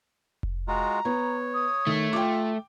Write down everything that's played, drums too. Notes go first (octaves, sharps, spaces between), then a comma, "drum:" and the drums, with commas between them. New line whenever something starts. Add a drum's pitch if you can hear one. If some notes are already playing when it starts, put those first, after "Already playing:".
drum: kick F1
G#3 F4 F#4 A#5
B3 C#5
D#6
D#3 A3
F4 G5 D6